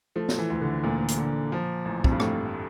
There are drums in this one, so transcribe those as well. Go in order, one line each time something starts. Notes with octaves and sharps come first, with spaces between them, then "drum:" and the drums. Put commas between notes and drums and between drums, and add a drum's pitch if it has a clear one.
F3 A3
drum: snare
E3
D2
D3
D2 A#2
drum: hi-hat
D3
F3
A1
F2, drum: kick
G2
A2 A3, drum: rim click